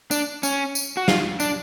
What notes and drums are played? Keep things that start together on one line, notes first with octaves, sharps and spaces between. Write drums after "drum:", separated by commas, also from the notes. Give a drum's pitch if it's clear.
D4, drum: tambourine
C#4, drum: tambourine
drum: tambourine
F#4
F4, drum: snare
D4, drum: tambourine